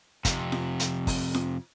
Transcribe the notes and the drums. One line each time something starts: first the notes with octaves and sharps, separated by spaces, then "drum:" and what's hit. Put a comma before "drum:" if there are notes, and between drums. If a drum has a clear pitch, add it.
F2 C3, drum: kick, hi-hat
drum: snare F4
drum: hi-hat
drum: kick, open hi-hat
drum: snare F4